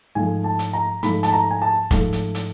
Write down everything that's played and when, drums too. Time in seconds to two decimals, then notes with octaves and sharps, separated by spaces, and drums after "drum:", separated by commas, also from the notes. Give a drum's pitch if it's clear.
0.15 G#2 F3 A3 G#5
0.44 A5
0.59 drum: hi-hat
0.73 A#5
1.03 G#2 F3 A3 B5, drum: hi-hat
1.23 A5, drum: hi-hat
1.33 A#5
1.51 G#5
1.62 A5
1.91 G#2 F3 A3, drum: kick F1, hi-hat
2.13 drum: hi-hat
2.35 drum: hi-hat